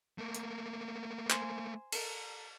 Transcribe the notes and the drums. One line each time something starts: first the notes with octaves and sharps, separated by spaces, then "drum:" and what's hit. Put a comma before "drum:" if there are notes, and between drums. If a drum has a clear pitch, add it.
A3 A#3
drum: hi-hat
C5 G#5, drum: clap
A4 A#4, drum: cymbal